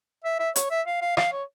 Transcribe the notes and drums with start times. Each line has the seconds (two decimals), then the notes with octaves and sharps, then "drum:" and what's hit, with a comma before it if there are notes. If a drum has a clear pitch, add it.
0.24 E5
0.39 E5
0.56 C#5, drum: hi-hat
0.71 E5
0.87 F5
1.02 F5
1.17 F5, drum: rim click
1.32 C#5